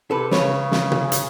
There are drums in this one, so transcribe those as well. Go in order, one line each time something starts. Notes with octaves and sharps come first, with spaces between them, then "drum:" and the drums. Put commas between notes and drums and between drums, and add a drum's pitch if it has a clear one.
C3 A4 B4
C#3 B4 C#5, drum: snare
drum: snare
drum: tom B2
drum: hi-hat